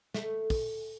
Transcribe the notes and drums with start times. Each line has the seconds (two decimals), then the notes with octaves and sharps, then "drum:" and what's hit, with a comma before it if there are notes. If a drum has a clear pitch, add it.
0.14 A3, drum: snare
0.50 drum: kick, open hi-hat